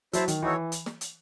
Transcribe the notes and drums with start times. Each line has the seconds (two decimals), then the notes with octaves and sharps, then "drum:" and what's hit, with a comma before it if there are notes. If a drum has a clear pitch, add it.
0.13 F#3 E4 C5 E5 A5, drum: hi-hat
0.28 D#3, drum: hi-hat
0.42 E3 D#4 F#4 A4 C#5
0.72 drum: hi-hat
0.86 drum: snare
1.01 drum: hi-hat